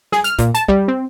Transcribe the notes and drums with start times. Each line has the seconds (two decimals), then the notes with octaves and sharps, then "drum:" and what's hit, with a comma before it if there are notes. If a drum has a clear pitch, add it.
0.12 G#4, drum: snare
0.24 F6, drum: hi-hat
0.38 A#2, drum: kick, hi-hat
0.54 A5, drum: hi-hat
0.68 G3, drum: kick
0.88 C4